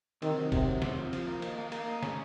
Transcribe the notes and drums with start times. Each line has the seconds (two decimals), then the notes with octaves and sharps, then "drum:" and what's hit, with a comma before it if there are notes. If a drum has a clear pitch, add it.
0.22 C3 D#3, drum: cymbal
0.37 F#3
0.52 C3 F#3, drum: kick, cymbal
0.67 F#3
0.82 C3, drum: snare
0.98 F3
1.13 F3, drum: cymbal
1.27 A#3
1.42 D#3, drum: cymbal
1.58 A#3
1.72 A#3, drum: cymbal
1.88 D#4
2.03 C#4, drum: snare